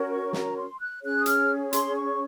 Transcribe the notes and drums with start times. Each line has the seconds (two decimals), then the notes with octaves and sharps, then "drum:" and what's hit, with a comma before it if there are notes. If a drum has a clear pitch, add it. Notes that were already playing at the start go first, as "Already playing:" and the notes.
Already playing: C#4 F#4 A#4 C#5
0.10 C#6
0.33 A#5, drum: snare
0.56 C6
0.80 F#6
1.03 C#4 G#4 C#5 F#6
1.18 D#6
1.26 F6, drum: hi-hat
1.73 C6, drum: hi-hat
1.96 C#6